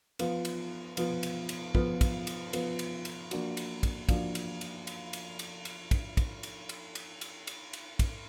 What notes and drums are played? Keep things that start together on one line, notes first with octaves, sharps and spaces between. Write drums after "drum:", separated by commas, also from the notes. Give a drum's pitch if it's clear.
F3 B3 F4, drum: cymbal
drum: cymbal
F3 B3 F4, drum: cymbal
drum: cymbal
drum: cymbal
F3 B3 F4, drum: kick
drum: kick, cymbal
drum: cymbal
F3 B3 F4, drum: cymbal
drum: cymbal
drum: cymbal
F3 A#3 D4 F#4, drum: cymbal
drum: cymbal
drum: kick, cymbal
F3 A#3 D4 F#4, drum: kick, cymbal
drum: cymbal
drum: cymbal
drum: cymbal
drum: cymbal
drum: cymbal
drum: cymbal
drum: kick, cymbal
drum: kick, cymbal
drum: cymbal
drum: cymbal
drum: cymbal
drum: cymbal
drum: cymbal
drum: cymbal
drum: kick, cymbal